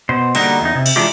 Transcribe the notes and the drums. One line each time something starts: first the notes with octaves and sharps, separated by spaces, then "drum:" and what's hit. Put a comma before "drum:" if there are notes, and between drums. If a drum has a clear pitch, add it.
B2 C5
D3 G3 A#3 D#4 F#4, drum: cymbal
E2 D#4
C3
drum: cymbal
E3 G#3 D4 D#4 F4 G4